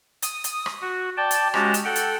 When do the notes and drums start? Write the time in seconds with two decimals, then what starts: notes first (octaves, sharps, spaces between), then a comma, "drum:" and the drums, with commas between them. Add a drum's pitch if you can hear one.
0.23 D#6, drum: hi-hat
0.44 drum: hi-hat
0.66 drum: rim click
0.81 F#4
1.17 D5 G5 A5
1.31 drum: hi-hat
1.54 G#3 C#4 F#4 G4 A5 A#5, drum: rim click
1.74 drum: hi-hat
1.85 A4 F#5 G5
1.96 drum: hi-hat